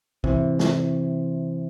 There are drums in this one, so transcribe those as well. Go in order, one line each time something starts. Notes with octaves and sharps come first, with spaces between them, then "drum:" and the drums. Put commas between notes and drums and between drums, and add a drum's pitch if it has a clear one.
C3 E3, drum: kick
drum: snare